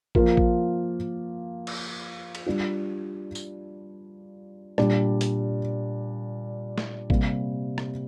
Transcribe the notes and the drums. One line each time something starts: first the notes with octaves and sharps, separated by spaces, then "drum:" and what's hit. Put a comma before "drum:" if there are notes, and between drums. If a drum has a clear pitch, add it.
F3 A#3 F4 A#4, drum: kick
drum: kick
drum: cymbal
drum: cymbal
G3 D4 F4
drum: tambourine
A#2 G3 D4, drum: rim click
drum: hi-hat
drum: snare
C3 G3 A#3, drum: kick
drum: rim click